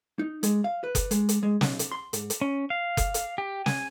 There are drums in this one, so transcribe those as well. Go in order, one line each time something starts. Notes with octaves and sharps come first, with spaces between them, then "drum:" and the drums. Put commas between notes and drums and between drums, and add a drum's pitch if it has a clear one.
D#4
G#3, drum: hi-hat
F5
B4
drum: kick F#1, hi-hat
G#3, drum: hi-hat
drum: hi-hat
G#3
B1, drum: snare
drum: hi-hat
C6
G#2, drum: hi-hat
drum: hi-hat
C#4
F5
drum: kick F#1, hi-hat
drum: hi-hat
G4
G#5, drum: snare